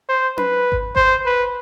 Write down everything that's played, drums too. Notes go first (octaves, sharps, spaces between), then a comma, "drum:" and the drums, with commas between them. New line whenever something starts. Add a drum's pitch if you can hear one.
C5
B4, drum: tom C#4
drum: kick G#1
C5, drum: kick G#1
B4